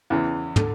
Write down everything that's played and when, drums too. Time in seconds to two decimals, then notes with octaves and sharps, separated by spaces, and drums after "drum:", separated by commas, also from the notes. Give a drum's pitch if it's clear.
0.10 E2 C#3 E3
0.56 D3, drum: tom